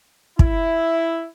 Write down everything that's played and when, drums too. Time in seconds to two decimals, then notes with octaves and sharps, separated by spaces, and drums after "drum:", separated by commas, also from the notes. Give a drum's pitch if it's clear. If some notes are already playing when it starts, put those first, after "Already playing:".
0.39 E4, drum: kick